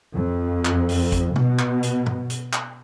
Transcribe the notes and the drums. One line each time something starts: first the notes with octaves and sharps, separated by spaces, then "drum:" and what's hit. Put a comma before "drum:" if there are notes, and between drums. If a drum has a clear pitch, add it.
F2
drum: clap
drum: open hi-hat
drum: kick, hi-hat
B2, drum: tom B2
drum: clap
drum: hi-hat
drum: tom G2
drum: hi-hat
drum: clap